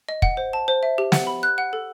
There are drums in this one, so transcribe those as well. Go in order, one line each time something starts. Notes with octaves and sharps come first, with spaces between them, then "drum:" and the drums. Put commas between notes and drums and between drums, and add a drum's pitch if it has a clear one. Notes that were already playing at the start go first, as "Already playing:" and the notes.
D#5
F#5, drum: kick
C5
A5
C5
E5
G4
F#5, drum: snare
B5
F#6
F#5
A4